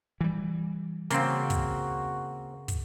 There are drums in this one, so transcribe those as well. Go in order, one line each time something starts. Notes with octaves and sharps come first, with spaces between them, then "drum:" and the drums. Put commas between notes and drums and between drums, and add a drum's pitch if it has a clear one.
E3 G3
C#3 A#3 C4 F#4 C6, drum: hi-hat
drum: kick, hi-hat
drum: kick, hi-hat